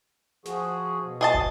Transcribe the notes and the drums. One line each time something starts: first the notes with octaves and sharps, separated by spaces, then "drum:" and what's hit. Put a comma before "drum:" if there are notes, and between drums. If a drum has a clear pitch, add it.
F3 F#4 G#4, drum: snare
B2
G#4 D#5 A5
drum: kick